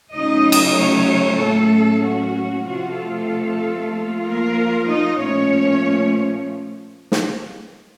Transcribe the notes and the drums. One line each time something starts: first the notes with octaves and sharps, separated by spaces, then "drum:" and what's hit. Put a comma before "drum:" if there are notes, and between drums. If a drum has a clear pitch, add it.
C#3 F#3 A3 C#4 D#4 D#5
drum: cymbal
C#4 C#5
A2 F#3 A3 A#3 C#4 A4
F#4
C3 F3 C4 F4 F#4
A3 A4
F3 A#3 F4
A#3 A#4
D#4 D#5
A#2 F3 A3 C#4 C#5
drum: snare